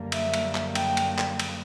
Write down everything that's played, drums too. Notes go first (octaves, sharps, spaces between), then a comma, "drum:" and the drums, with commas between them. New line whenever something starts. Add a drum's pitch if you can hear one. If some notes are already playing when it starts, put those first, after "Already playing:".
Already playing: F#2 D3 G3 A#3
E5, drum: cymbal
drum: cymbal
drum: clap
G5, drum: cymbal
drum: cymbal
drum: clap
drum: cymbal